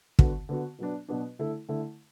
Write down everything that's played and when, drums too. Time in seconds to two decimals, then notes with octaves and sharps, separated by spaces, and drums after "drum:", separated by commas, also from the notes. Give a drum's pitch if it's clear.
0.19 D3 B3 F#4, drum: kick
0.49 D3 B3 F#4
0.78 B2 F#3 B3 D4
1.08 B2 F#3 B3 D4
1.39 D3 A3 E4 A4
1.68 D3 A3 E4 A4